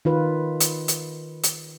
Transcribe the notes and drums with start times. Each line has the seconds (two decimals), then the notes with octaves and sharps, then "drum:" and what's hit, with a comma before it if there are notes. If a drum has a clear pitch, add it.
0.05 D#3 F4 B4
0.61 drum: hi-hat
0.88 drum: hi-hat
1.44 drum: hi-hat